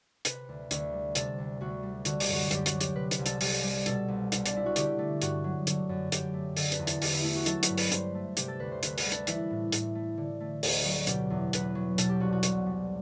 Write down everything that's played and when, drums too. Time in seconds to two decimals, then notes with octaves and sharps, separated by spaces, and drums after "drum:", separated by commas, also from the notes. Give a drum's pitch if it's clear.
0.25 C3 B4, drum: hi-hat
0.49 D2
0.71 D2, drum: hi-hat
0.93 G3
1.15 C3 A4, drum: hi-hat
1.38 D2
1.61 D2 F#4
1.83 G3
2.05 D3 F#4, drum: hi-hat
2.20 G4, drum: open hi-hat
2.29 F#2 F#4
2.51 F#2 G4, drum: hi-hat
2.66 F#4, drum: hi-hat
2.73 F#3
2.81 G4, drum: hi-hat
2.96 C3 B4
3.11 B4, drum: hi-hat
3.19 C2
3.26 A4, drum: hi-hat
3.41 C2 G4, drum: open hi-hat
3.63 G3
3.86 B2 A4, drum: hi-hat
4.08 C2
4.32 C2, drum: hi-hat
4.46 D4, drum: hi-hat
4.54 G3 E4
4.66 F#4
4.76 D3 G4, drum: hi-hat
4.99 A3
5.22 G2 F#4, drum: hi-hat
5.44 F#3
5.67 D3, drum: hi-hat
5.89 F#2
6.12 F#2 G4, drum: hi-hat
6.34 A3
6.57 D3 A4, drum: open hi-hat
6.72 B4, drum: hi-hat
6.79 E2
6.87 A4, drum: hi-hat
7.02 E2 G4, drum: open hi-hat
7.13 E4
7.24 A3 E4
7.36 F#4
7.46 F#3 A4, drum: hi-hat
7.63 B4, drum: hi-hat
7.69 G2
7.78 B4, drum: open hi-hat
7.92 G2 C5, drum: hi-hat
8.15 A3
8.37 C3 G4, drum: hi-hat
8.48 A4
8.59 D2 B4
8.72 C5
8.83 D2 B4, drum: hi-hat
8.98 B4, drum: open hi-hat
9.05 G3
9.12 A4, drum: hi-hat
9.27 E3 E4, drum: hi-hat
9.51 A2
9.72 A2, drum: hi-hat
9.95 A3
10.17 D3
10.40 A3
10.63 D2, drum: open hi-hat
10.85 F#3
11.07 B2 G4, drum: hi-hat
11.30 E2
11.53 E2 B4, drum: hi-hat
11.75 F#3
11.98 B2 A4, drum: hi-hat
12.09 G4
12.20 C2 F#4
12.33 F#4
12.43 C2, drum: hi-hat
12.66 G3